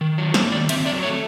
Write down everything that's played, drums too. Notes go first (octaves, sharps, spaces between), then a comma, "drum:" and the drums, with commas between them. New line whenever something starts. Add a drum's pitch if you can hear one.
D#3
F#3
A#3 C5, drum: snare
D#3 D5
C4 E5, drum: cymbal
F#3 D5
A3 C#5